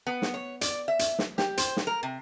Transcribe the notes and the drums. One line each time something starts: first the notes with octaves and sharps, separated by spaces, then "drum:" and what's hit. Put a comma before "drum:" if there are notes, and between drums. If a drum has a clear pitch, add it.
B3
drum: snare
C#5
D5, drum: hi-hat
E5
drum: hi-hat
drum: snare
G4, drum: snare
C5, drum: hi-hat
drum: snare
A#4
C3